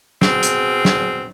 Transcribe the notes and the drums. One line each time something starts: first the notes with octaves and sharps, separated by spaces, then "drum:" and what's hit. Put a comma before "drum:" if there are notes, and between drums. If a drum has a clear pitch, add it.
B2 C4 G#4, drum: snare
drum: hi-hat
drum: snare